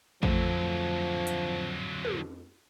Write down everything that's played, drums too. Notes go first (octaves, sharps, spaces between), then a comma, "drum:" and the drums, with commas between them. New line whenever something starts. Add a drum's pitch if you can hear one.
F2 D3 F3 F#3 A3, drum: kick A1
drum: hi-hat
drum: tom